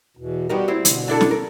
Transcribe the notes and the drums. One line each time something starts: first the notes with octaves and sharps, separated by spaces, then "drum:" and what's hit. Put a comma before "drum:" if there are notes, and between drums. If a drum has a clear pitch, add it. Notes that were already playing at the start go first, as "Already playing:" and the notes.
E2 B2
G3 B3 D#4 F#4 G4 A#4
C4 E4 C5
B2 D3, drum: hi-hat
D4 E4 A4
drum: snare
A#4